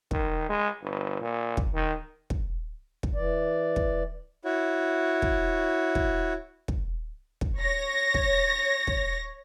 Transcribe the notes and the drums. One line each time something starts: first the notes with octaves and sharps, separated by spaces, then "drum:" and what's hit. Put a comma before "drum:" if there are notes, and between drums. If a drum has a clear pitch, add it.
D#3, drum: kick
G#3
G1
A#2
drum: kick
D#3
drum: kick
drum: kick
E3 D5
drum: kick
E4 F#4 C#5
drum: kick
drum: kick
drum: kick
drum: kick
C#5 A#6
drum: kick
drum: kick